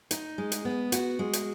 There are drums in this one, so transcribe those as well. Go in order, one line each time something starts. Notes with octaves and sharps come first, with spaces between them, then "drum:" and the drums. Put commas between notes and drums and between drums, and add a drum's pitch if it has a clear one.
D#4, drum: hi-hat
G#3
drum: hi-hat
B3
F#4, drum: hi-hat
G#3
drum: hi-hat